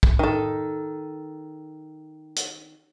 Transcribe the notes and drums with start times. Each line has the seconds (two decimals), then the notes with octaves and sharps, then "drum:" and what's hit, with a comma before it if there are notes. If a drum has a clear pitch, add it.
0.03 drum: kick
0.19 D#3 A4
2.36 drum: hi-hat